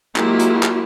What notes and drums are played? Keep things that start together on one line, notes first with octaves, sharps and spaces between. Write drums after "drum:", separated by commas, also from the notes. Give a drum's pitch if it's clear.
F#3 G#3 A#3 E4 F4 G4, drum: clap
drum: hi-hat
drum: clap